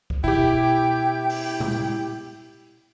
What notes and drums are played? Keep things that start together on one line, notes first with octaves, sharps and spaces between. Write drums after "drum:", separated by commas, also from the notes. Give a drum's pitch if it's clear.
drum: kick C2
B2 E4 G4 G5
drum: open hi-hat
drum: tom A#2